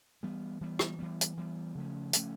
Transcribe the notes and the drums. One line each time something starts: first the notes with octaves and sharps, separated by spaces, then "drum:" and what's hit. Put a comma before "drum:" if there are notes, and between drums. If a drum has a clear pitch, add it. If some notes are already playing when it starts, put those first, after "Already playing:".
E3 G3 B3
E3 G3 B3
drum: rim click
E3 G3 B3
drum: hi-hat
E3 G3 B3
C#3 F3 A3 C#4
C#3 F3 A3 C#4, drum: hi-hat